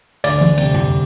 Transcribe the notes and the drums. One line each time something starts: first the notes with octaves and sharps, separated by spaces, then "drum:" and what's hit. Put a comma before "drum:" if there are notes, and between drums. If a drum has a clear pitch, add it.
D2 D5, drum: cymbal
drum: tom E3
C3 G3, drum: cymbal
drum: tom F2